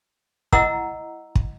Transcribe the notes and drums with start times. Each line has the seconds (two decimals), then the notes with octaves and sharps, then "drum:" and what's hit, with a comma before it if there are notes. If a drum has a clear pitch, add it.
0.53 E4 D#5 F#5 A#5 E6, drum: kick
1.35 drum: kick